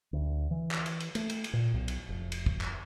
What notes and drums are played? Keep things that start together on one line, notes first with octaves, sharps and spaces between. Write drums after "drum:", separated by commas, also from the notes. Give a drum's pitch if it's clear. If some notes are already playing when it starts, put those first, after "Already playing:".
D2
E3
drum: clap
drum: cymbal
drum: cymbal
A3, drum: cymbal
drum: cymbal
drum: cymbal
A#2
B1
drum: cymbal
F1
drum: cymbal
drum: kick
drum: clap